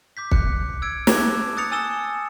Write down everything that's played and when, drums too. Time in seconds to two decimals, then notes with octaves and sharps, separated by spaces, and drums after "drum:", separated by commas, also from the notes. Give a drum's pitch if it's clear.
0.17 D6 G6 B6
0.31 F#6 C#7, drum: kick
0.82 E6 G#6 D7
1.07 A5 D6 F#6 G#6 F7, drum: snare
1.57 D#6 F#6 A6 C#7 F7
1.72 G#5 D#6 E6 A6 E7 G7